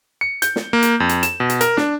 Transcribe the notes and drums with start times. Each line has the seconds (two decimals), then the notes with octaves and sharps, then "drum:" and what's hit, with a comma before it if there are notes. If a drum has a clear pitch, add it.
0.21 C#7
0.42 G6, drum: hi-hat
0.56 drum: snare
0.73 A#3
0.83 drum: hi-hat
1.00 F2
1.09 drum: hi-hat
1.23 E7, drum: hi-hat
1.40 B2
1.50 drum: hi-hat
1.61 A#4, drum: hi-hat
1.77 D4, drum: snare